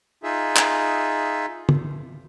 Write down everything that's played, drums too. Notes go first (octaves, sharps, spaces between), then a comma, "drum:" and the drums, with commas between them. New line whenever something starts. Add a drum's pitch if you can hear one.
D#4 F4 G#4 E5
drum: clap
drum: tom